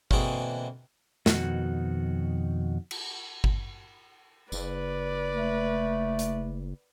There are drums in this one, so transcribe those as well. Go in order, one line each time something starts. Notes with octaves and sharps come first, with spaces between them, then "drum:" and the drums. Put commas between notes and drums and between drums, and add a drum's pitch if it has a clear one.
B2 D3 E3 A#3 C4 G#4, drum: kick G1
F2 B2 D#3 F#4, drum: snare
drum: cymbal
drum: kick G1
F#1 B4 D5, drum: tambourine
A3
drum: hi-hat